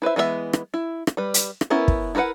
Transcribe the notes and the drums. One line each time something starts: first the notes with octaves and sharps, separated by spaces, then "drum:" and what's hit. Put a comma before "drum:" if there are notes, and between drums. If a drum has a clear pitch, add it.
E4 B4 C5 E5
E3 G#3 B3 E4 E5
drum: rim click
E4
drum: rim click
G3 B4
drum: hi-hat
drum: rim click
B3 C#4 E4 A#4 B4
drum: kick
E4 F#4 A#4 B4 F#5